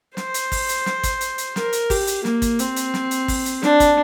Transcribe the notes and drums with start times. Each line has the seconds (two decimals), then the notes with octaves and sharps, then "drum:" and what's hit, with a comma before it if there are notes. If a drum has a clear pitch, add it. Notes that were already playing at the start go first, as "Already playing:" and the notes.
0.17 C5, drum: snare
0.34 drum: hi-hat
0.52 drum: kick, open hi-hat
0.69 drum: hi-hat
0.86 drum: snare
1.03 drum: kick, hi-hat
1.21 drum: hi-hat
1.38 drum: hi-hat
1.56 A#4, drum: snare
1.73 drum: hi-hat
1.90 G4, drum: kick, open hi-hat
2.07 drum: hi-hat
2.25 A#3, drum: snare
2.42 drum: kick, hi-hat
2.59 C4, drum: hi-hat
2.76 drum: hi-hat
2.94 drum: snare
3.11 drum: hi-hat
3.28 drum: kick, open hi-hat
3.46 drum: hi-hat
3.63 D4, drum: snare
3.80 drum: kick, hi-hat